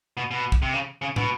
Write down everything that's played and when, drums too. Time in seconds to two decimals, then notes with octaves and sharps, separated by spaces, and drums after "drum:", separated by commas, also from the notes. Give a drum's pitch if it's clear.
0.17 B2
0.31 B2
0.52 drum: kick
0.62 C3
0.73 C#3
1.02 C#3
1.16 B2, drum: tom